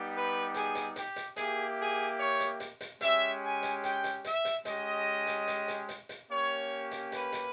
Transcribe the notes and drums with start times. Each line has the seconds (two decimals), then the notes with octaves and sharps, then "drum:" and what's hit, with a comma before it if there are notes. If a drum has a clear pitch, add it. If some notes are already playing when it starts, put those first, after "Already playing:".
Already playing: G3 B3 D#4 G4
0.13 B4
0.54 G#4, drum: hi-hat
0.75 drum: hi-hat
0.96 G4, drum: hi-hat
1.16 drum: hi-hat
1.36 A#3 E4 G4 G#4, drum: hi-hat
1.78 G#4
2.19 C#5
2.39 drum: hi-hat
2.60 drum: hi-hat
2.81 drum: hi-hat
3.01 G#3 C#4 G4 E5, drum: hi-hat
3.42 G#5
3.63 drum: hi-hat
3.84 G5, drum: hi-hat
4.04 drum: hi-hat
4.25 E5, drum: hi-hat
4.45 drum: hi-hat
4.65 G#3 C#4 G4 D#5, drum: hi-hat
5.27 drum: hi-hat
5.48 drum: hi-hat
5.68 drum: hi-hat
5.89 drum: hi-hat
6.09 drum: hi-hat
6.29 A#3 C#4 G4 C#5
6.91 drum: hi-hat
7.12 B4, drum: hi-hat
7.32 drum: hi-hat